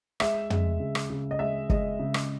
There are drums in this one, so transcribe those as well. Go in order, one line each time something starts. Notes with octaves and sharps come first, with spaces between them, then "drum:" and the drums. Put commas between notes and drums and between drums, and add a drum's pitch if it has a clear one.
G#3 E5, drum: rim click
G#3, drum: tom
C#3
drum: rim click
C#3
D#5
G#3 E5
G#3 D#5, drum: kick
C#3
drum: rim click